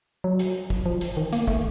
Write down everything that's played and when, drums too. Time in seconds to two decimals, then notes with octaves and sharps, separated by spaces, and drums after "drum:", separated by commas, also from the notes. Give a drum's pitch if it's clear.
0.24 F#3
0.39 drum: hi-hat
0.70 drum: kick
0.86 F3
1.01 drum: hi-hat
1.17 D#3
1.33 A#3, drum: hi-hat
1.48 A3, drum: kick